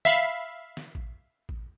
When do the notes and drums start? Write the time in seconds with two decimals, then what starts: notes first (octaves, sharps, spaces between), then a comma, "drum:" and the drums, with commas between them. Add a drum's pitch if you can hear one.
0.05 E5 F5 B5, drum: snare
0.77 drum: snare
0.95 drum: kick
1.49 drum: kick